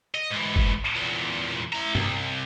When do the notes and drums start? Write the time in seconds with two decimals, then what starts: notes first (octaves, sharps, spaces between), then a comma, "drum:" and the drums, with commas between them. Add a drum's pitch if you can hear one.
0.15 D#5
0.31 G#2 E3
0.56 drum: kick
0.96 E2 A#2
1.73 E4 A#5
1.95 C2, drum: tom G2